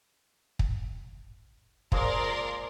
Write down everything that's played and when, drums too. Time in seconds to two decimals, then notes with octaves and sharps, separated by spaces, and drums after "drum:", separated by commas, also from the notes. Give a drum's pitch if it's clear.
0.59 drum: kick
1.92 F3 G#3 A#3 A#4 D5 C6, drum: kick